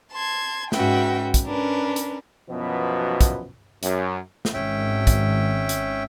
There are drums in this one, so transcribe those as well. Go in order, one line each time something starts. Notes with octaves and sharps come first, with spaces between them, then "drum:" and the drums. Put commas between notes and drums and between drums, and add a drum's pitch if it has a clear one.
A5 C6 G#6
G#2 C#4 F#4 B4 E5 G5, drum: snare
drum: kick, hi-hat
C#4 D4 A#4 B4
drum: hi-hat
F#2 B2 E3 F3 B3
drum: kick, hi-hat
F#2, drum: hi-hat
drum: snare
G#1 C#4 E5 G5
drum: kick, hi-hat
drum: hi-hat